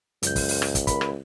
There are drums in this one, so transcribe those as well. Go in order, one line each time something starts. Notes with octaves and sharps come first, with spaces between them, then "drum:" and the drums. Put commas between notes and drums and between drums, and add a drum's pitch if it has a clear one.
C#2 F#2 G6, drum: hi-hat
drum: kick, open hi-hat
drum: open hi-hat
drum: rim click
drum: kick, hi-hat
A#4 B5, drum: kick, hi-hat
drum: rim click